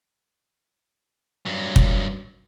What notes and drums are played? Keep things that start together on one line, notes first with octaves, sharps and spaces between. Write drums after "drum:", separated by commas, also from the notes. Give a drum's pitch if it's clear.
G2 F#3
drum: kick